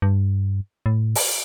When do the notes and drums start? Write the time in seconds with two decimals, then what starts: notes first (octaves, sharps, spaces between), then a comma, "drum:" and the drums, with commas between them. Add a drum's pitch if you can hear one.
0.02 G2
0.86 A2
1.15 drum: open hi-hat